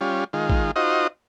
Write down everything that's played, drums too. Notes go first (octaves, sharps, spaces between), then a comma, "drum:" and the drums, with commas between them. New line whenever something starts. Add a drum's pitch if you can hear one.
G3 C#4 F4
D#3 G#3 F4
drum: kick
D#4 F4 F#4 C5 D#5